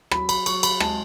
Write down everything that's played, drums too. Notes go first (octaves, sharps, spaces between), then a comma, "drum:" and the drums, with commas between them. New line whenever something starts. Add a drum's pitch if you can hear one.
F#3 B5, drum: rim click
B5, drum: cymbal
F#3 C#6, drum: cymbal
B5, drum: cymbal
G#3 A5, drum: rim click